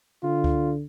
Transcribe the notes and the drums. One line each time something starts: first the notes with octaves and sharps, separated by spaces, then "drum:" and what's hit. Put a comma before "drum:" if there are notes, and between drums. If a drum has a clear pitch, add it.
D3 F4
drum: kick C#2